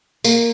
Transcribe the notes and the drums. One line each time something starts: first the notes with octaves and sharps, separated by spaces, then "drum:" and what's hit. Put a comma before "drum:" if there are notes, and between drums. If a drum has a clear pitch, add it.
A#3, drum: tambourine